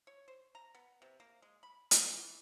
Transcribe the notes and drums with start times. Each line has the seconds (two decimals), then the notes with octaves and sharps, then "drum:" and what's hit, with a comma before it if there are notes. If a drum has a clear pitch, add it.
0.07 C#5
0.28 C5
0.55 A#5
0.75 B3
1.02 C3
1.20 A#3
1.42 G#3
1.63 B5
1.91 B3, drum: hi-hat
2.13 E3